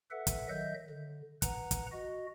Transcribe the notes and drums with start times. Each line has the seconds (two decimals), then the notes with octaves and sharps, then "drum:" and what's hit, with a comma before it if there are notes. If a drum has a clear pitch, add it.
0.11 A4 B4 E5 F#5
0.27 drum: kick, hi-hat
0.49 D#3 F#3 D#5 E5 G6
0.90 D3
1.42 B4 F#5 A#5, drum: kick, hi-hat
1.71 drum: kick, hi-hat
1.92 F#4 D#5